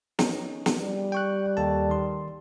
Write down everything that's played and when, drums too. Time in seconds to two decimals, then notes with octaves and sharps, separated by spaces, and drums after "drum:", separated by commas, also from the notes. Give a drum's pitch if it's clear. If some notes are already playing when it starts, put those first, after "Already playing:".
0.19 C#4 D#4, drum: snare
0.66 drum: snare
0.80 G3
1.12 G5 C#6 F#6
1.57 D#2 A4 A5
1.89 D#3 C6